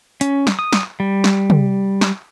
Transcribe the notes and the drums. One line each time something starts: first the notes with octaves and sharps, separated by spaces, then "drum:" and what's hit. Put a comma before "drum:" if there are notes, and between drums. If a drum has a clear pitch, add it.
C#4, drum: hi-hat
drum: snare
D#6
drum: snare
G3
drum: snare
drum: tom
drum: snare